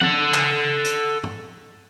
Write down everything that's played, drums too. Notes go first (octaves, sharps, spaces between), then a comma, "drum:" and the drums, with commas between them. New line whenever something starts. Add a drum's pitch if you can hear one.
A4 F#5, drum: tom
drum: clap
drum: hi-hat
drum: tom